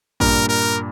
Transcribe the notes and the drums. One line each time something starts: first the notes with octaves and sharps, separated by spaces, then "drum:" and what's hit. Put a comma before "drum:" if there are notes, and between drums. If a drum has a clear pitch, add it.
G2 A#2 A#4, drum: kick A1
A#4